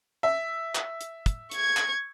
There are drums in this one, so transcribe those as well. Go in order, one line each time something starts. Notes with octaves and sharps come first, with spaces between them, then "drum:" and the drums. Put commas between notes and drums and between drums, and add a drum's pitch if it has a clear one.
E5
drum: clap
drum: hi-hat
drum: kick, hi-hat
C#6 G#6, drum: hi-hat
drum: clap